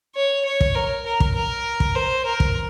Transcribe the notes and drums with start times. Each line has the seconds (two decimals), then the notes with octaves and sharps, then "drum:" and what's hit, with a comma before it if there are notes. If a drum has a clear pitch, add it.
0.16 C#5
0.45 C#5
0.61 drum: kick
0.75 A#4
1.06 A#4
1.20 drum: kick
1.35 A#4
1.80 drum: kick
1.95 C5
2.25 A#4
2.40 drum: kick